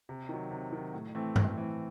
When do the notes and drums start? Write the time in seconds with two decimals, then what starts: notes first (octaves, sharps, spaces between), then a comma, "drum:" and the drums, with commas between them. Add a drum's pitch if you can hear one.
0.09 C3
0.29 D#3 F#3
0.51 C3
0.73 D#3 F#3
0.93 A2
1.15 E3 A3 C4
1.36 A2, drum: tom G2
1.57 E3 A3 C4